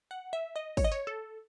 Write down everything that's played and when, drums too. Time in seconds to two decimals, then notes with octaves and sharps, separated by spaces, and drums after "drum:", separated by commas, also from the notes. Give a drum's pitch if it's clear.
0.11 F#5
0.33 E5
0.56 D#5
0.77 C#5, drum: kick, open hi-hat
0.84 D#5
0.92 C#5
1.07 A4